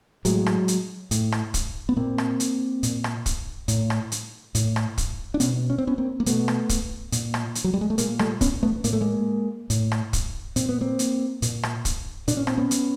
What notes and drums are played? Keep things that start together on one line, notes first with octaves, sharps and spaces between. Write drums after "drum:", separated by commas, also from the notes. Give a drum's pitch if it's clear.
A2 F#3 G#3, drum: hi-hat
drum: rim click
drum: hi-hat
A2, drum: hi-hat
drum: rim click
drum: kick, hi-hat
B3
A#2 A#3 C4
drum: rim click
drum: hi-hat
A#2, drum: hi-hat
drum: rim click
drum: kick, hi-hat
A2, drum: hi-hat
drum: rim click
drum: hi-hat
A2, drum: hi-hat
drum: rim click
drum: kick, hi-hat
D4
B2 B3 C#4, drum: hi-hat
C#4
C4
B3 C#4
A#3 C4
A#3
B2 A3 B3, drum: hi-hat
drum: rim click
drum: kick, hi-hat
A#2, drum: hi-hat
drum: rim click
drum: hi-hat
F#3
G3
G#3
A3
A#2 G#3 A#3, drum: hi-hat
G3 A3, drum: rim click
B3 C#4, drum: kick, hi-hat
A3 B3
A2 A#3, drum: hi-hat
A3
G#3 A#3
A2, drum: hi-hat
drum: rim click
drum: kick, hi-hat
A#2 C4, drum: hi-hat
B3
A#3 C4
drum: hi-hat
A#2, drum: hi-hat
drum: rim click
drum: kick, hi-hat
A#2 D4, drum: hi-hat
C#4
C4, drum: rim click
B3 C#4
drum: hi-hat